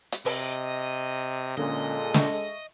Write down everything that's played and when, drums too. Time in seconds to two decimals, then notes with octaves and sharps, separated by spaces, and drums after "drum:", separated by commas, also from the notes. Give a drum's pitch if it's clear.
0.12 drum: hi-hat
0.26 C3 D#5, drum: open hi-hat
1.57 A#2 D3 G#3 A#3 C#4 A4 D#5
2.14 E5 C#6, drum: snare